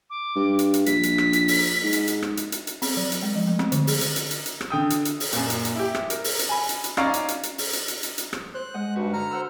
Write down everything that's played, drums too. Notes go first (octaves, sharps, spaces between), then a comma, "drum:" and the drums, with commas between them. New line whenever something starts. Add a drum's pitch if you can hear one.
D6
G2
drum: hi-hat
drum: hi-hat
A#1 B6, drum: hi-hat
drum: hi-hat
drum: rim click
drum: hi-hat
drum: open hi-hat
G#2
drum: hi-hat
drum: hi-hat
drum: rim click
drum: hi-hat
drum: hi-hat
drum: hi-hat
C4, drum: open hi-hat
F#3
drum: hi-hat
G#3
F3
A3
C4, drum: rim click
D3, drum: hi-hat
G#4, drum: open hi-hat
drum: hi-hat
drum: hi-hat
drum: hi-hat
drum: hi-hat
drum: rim click
D3 G5 D#6
drum: hi-hat
drum: hi-hat
drum: open hi-hat
F#2 A#2, drum: hi-hat
drum: hi-hat
drum: hi-hat
E4 G4
drum: rim click
A#4, drum: hi-hat
drum: open hi-hat
drum: hi-hat
G#5 B5
drum: hi-hat
drum: hi-hat
C#4 D#4 D5 F5 A#5 C#6, drum: rim click
drum: hi-hat
drum: hi-hat
drum: hi-hat
drum: open hi-hat
drum: hi-hat
drum: hi-hat
drum: hi-hat
drum: hi-hat
drum: rim click
C5 F#6
G#3 D#5 F#5
G2 D#4 F#4 B4
D3 A#5 F6
C5 F#5 E6